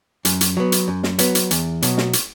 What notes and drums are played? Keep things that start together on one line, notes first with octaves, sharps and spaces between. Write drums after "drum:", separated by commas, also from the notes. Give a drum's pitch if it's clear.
F#2, drum: hi-hat
drum: hi-hat
F#3 B3
drum: hi-hat
F#2
drum: snare
F#3 B3, drum: hi-hat
drum: hi-hat
E2, drum: hi-hat
B2 F#3, drum: hi-hat
drum: snare
drum: hi-hat